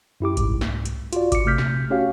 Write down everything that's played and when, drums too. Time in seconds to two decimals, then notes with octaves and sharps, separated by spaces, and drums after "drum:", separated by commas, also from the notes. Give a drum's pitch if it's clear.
0.20 F#2 E4 G4 D6
0.37 C2 G#2, drum: kick G#1, hi-hat
0.61 drum: snare
0.85 drum: hi-hat
1.13 F4 F#4 D5, drum: hi-hat
1.32 D6 C#7, drum: kick G#1, hi-hat
1.45 A#1 C3 A3 F6 G6 B6
1.58 drum: snare
1.90 C#4 F#4 G4 C#5 F5